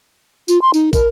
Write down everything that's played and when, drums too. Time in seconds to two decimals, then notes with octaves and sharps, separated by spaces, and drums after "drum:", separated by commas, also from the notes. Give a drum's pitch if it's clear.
0.48 F4, drum: tambourine
0.62 C6
0.74 D#4, drum: tambourine
0.93 A#4, drum: kick, tambourine